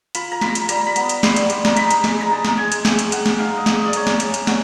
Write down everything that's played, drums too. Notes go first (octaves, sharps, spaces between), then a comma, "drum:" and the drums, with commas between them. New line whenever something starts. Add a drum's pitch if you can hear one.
F4 B5, drum: hi-hat
A#5
F4 B5, drum: snare
drum: hi-hat
G3 A#5, drum: hi-hat
B5
B3, drum: hi-hat
drum: hi-hat
G3 C6, drum: snare
drum: hi-hat
G3, drum: hi-hat
A#5, drum: snare
D#4 B5, drum: hi-hat
drum: hi-hat
G#3, drum: snare
A#5
D#4 A5
drum: snare
G#3 G#5
drum: hi-hat
G#3 G5, drum: snare
drum: hi-hat
G#3 F#5, drum: hi-hat
drum: snare
D#4 F5
D#5
G#3, drum: snare
D#5
D5
A#3 C#5, drum: hi-hat
D5, drum: snare
C#4, drum: hi-hat
drum: hi-hat
C#4 F#5, drum: snare